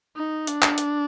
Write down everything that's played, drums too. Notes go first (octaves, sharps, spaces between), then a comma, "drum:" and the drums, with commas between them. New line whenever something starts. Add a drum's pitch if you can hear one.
D#4
D4, drum: hi-hat
drum: clap
drum: hi-hat